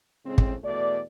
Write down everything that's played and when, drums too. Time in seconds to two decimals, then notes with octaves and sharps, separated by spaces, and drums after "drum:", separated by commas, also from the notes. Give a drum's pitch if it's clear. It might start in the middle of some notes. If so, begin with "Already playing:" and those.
0.25 A2 C#3 G#3 C4
0.38 drum: kick
0.64 E2 B2 A3 D5